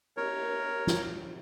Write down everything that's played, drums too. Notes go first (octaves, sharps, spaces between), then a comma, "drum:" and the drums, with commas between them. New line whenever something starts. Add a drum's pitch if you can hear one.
A#4 C#5, drum: cymbal
drum: snare